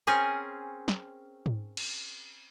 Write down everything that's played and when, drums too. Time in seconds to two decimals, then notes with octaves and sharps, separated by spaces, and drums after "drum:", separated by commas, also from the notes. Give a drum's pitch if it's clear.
0.07 C4 C#4 G#4 A#4
0.88 drum: snare
1.46 drum: tom G#2
1.77 drum: cymbal